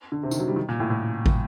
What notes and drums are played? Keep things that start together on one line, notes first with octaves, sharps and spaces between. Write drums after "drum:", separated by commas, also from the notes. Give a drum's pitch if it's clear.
D3
C3
D#3, drum: tambourine
F#3
G3
D#3
A#2
A2
A2
drum: kick